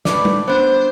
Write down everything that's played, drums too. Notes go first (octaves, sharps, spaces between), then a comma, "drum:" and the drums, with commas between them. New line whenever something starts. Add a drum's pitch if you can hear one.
A2 B4 D5, drum: snare
drum: tom
B3 D4 C5